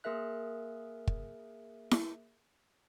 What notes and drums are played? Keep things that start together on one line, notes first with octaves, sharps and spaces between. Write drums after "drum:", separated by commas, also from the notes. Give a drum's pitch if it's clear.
A#3 G#4 A#4 E5 F#6
drum: kick
drum: snare E4